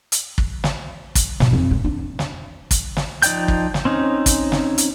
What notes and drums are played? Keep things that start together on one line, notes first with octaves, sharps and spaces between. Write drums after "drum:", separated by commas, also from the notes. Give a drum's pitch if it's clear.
drum: hi-hat
drum: kick
drum: snare
drum: kick, hi-hat
B2, drum: snare
F2
G#3
D4
drum: snare
drum: kick, hi-hat
drum: snare
F3 D#4 D5 G5 G6, drum: hi-hat
drum: kick
drum: snare
C4 C#4 D#4
drum: kick, hi-hat
drum: snare
drum: hi-hat